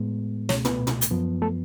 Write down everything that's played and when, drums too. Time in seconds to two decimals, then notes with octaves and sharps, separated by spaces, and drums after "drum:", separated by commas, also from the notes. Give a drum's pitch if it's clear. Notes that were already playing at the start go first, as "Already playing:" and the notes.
Already playing: A2 G#3 B3
0.49 C#2 B2 A3 C#4 C#5, drum: snare
0.65 B3 B4, drum: tom
0.87 drum: tom
1.01 drum: hi-hat
1.11 F#2 F3 B3
1.42 A3 A4